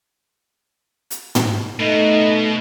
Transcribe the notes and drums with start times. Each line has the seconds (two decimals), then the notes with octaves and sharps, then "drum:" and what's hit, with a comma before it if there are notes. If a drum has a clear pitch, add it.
1.11 drum: hi-hat
1.35 drum: tom
1.80 B2 A3 D#4